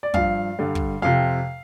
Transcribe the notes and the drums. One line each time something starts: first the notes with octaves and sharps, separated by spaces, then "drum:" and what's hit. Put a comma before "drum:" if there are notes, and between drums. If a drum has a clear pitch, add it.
D5
G2 F3 F5, drum: kick
G2 D3 G3
drum: kick
F2 C3 F3 F5